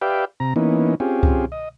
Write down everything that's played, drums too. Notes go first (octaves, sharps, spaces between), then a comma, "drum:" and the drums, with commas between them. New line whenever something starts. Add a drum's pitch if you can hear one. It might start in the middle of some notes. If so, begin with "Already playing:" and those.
G4 B4 D5 E5 F5 G5
C3 A#5
E3 A#3 B3 C#4 D#4
C4 C#4 F4 G4 G#4
drum: kick C2
D#5